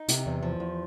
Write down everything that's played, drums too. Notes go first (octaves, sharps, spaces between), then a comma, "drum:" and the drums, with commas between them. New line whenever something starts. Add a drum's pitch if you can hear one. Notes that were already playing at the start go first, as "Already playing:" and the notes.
Already playing: D#4
C3, drum: hi-hat
E2
F3
E2